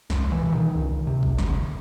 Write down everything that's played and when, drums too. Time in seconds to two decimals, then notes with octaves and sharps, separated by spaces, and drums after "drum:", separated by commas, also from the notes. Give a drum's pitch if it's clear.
0.10 C#2, drum: snare
0.32 E3
0.42 B2
0.52 D#3
0.75 C#2
1.07 C3
1.23 drum: kick
1.38 D2, drum: snare